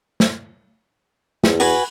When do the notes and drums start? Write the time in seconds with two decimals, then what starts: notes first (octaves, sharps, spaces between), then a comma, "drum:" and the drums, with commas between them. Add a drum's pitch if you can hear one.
0.20 drum: snare
1.44 E2, drum: snare
1.60 F#4 B4 G#5, drum: open hi-hat